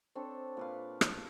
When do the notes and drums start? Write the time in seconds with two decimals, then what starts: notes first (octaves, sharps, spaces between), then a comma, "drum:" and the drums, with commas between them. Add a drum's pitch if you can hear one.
0.15 C4 D4 A4 C#5
0.57 A#2 B4 F5
1.01 drum: rim click